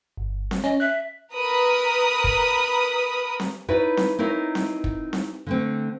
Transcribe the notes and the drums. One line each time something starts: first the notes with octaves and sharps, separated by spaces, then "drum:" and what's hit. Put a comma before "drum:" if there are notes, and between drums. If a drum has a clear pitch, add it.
G1
drum: snare C4
C#4 D#5
E5 F#6
A#4 B4 B5 D#6
drum: kick
drum: snare C4
D#4 E4 B4 C#5 D5
drum: snare C4
C4 D#4 E4 A#4 C#5 D#5
drum: snare C4
drum: kick
drum: snare C4
D3 A3 C4